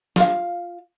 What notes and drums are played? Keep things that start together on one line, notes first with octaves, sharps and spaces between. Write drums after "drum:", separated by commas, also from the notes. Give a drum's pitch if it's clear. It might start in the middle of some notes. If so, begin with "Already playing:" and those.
F4 F5, drum: snare